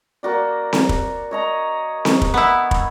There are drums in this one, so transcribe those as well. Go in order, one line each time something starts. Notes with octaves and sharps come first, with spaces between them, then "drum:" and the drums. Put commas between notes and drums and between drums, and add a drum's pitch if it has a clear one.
A#3 F#4 D5
drum: snare C4
drum: kick
C#5 D#5 A#5
drum: snare C4
drum: kick
B3 E4
drum: kick